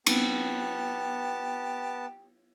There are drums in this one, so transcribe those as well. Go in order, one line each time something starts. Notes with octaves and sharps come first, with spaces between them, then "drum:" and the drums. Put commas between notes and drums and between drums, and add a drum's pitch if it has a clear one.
B3 G4 A5, drum: cymbal